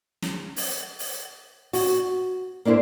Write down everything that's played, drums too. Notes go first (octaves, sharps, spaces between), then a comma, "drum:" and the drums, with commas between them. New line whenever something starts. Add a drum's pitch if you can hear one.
drum: snare
drum: open hi-hat
drum: open hi-hat
F#4, drum: open hi-hat
A#3 D4 E4 A#4 C5